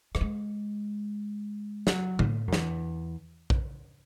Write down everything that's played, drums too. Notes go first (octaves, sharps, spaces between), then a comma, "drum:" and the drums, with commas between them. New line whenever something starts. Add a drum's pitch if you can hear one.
F#3, drum: rim click
G#3
F#3, drum: snare
A2, drum: tom D3
F#2
E2, drum: snare
drum: kick A#1